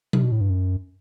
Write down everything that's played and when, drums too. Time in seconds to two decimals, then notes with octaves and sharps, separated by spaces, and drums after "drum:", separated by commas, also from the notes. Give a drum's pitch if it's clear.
0.13 C3, drum: tom F#3
0.23 B2
0.32 A2
0.41 G2
0.50 F#2